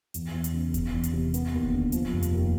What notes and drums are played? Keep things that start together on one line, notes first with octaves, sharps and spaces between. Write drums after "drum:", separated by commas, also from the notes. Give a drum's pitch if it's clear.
E2, drum: hi-hat
E2
drum: hi-hat
C#3
E2, drum: kick E1, hi-hat
E2
drum: hi-hat
C3
B3, drum: hi-hat
D#2
drum: kick E1
D3
F3, drum: hi-hat
F1
drum: hi-hat
D#2